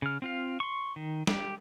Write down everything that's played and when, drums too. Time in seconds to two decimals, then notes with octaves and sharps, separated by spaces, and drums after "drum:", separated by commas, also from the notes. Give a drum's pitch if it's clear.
0.02 C#3 F6
0.22 C4 F4 F5
0.60 C6 C#6
0.96 D#3
1.27 G4, drum: snare